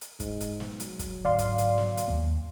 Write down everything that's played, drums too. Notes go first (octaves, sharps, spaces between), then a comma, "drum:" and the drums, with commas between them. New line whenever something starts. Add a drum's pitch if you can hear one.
drum: hi-hat
G#2, drum: kick, hi-hat
drum: hi-hat
drum: snare
F#3, drum: hi-hat
drum: kick, hi-hat
G#2 D3 D5 F5 C6
drum: kick, hi-hat
drum: hi-hat
drum: snare
drum: hi-hat
D#2 A#3